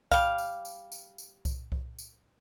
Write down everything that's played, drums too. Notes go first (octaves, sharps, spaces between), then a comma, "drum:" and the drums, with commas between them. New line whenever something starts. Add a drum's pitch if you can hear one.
G3 F5, drum: kick C2, tambourine
drum: tambourine
drum: tambourine
drum: tambourine
drum: tambourine
drum: kick C2, tambourine
drum: kick C2
drum: tambourine